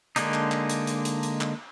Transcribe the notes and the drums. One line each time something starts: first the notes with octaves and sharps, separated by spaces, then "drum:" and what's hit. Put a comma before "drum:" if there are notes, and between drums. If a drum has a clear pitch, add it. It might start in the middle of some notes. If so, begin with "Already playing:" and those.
D3 G#3 A#3 D4 D#4, drum: hi-hat
drum: clap
drum: clap
drum: hi-hat
drum: hi-hat
drum: hi-hat
drum: hi-hat
drum: clap